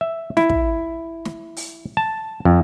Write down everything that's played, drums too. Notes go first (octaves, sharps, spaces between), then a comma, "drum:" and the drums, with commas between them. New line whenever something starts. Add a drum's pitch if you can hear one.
E5
E4, drum: snare
drum: kick
drum: snare
drum: open hi-hat
A5
F2